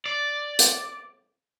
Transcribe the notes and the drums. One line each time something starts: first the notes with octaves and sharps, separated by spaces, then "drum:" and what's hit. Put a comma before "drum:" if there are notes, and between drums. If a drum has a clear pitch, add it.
D5
drum: hi-hat